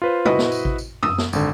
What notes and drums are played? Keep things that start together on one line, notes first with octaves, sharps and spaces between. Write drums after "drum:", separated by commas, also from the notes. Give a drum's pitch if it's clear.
F4 B4 C5
E4 F#4 B4 C5 D#5, drum: tom
drum: snare
drum: tambourine
drum: kick A1
drum: tambourine
D#6 E6, drum: tom
drum: snare
G#1 D3, drum: tambourine